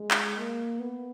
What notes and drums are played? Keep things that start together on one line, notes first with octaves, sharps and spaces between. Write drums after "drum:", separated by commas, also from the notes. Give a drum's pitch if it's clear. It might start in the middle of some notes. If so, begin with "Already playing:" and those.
Already playing: G#3
drum: clap
A#3
B3